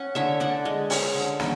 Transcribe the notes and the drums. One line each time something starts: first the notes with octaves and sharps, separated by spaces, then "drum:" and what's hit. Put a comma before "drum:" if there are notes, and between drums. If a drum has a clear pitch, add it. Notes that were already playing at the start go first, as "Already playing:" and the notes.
Already playing: C#4 F#5
D3 C#5 E5
D3 D5 F#5
G#3
C#4, drum: open hi-hat
D3
D3, drum: snare